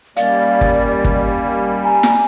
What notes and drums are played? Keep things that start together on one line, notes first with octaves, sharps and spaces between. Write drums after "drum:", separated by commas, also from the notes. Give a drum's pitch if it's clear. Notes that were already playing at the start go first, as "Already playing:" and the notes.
D#3 G3 A#3 C#4 D5 F5, drum: hi-hat
drum: kick
drum: kick
G#5 A#5
drum: snare